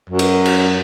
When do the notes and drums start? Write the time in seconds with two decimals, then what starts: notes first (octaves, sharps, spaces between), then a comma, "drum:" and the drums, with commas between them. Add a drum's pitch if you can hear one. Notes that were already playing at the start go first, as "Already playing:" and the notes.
0.10 F#2
0.19 drum: cymbal
0.45 drum: cymbal